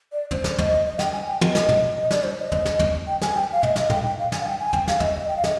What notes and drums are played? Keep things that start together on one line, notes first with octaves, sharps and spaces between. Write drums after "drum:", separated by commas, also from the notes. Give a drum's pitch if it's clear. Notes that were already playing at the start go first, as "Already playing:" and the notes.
D5
C5, drum: tom
drum: snare
D#5, drum: tom
D#5
G5, drum: snare
G#5
G5
D#5, drum: tom
drum: snare
drum: tom
D#5
D5, drum: snare
C5
D#5
drum: tom
drum: snare
drum: tom
G5
G#5, drum: snare
G5
F5
D#5, drum: tom
D#5, drum: snare
G5, drum: tom
G5
F5
G#5, drum: snare
F5
G5
G#5
G5, drum: tom
F5, drum: snare
D#5, drum: tom
D#5
G5
F5
D#5, drum: snare